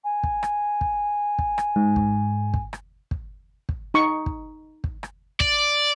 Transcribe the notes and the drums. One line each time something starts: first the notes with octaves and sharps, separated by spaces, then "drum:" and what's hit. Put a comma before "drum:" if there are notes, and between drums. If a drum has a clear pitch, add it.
G#5
drum: kick
drum: rim click
drum: kick
drum: kick
drum: rim click
G#2
drum: kick
drum: kick
drum: rim click
drum: kick
drum: kick
D#4 C#6
drum: kick
drum: kick
drum: rim click
D5, drum: kick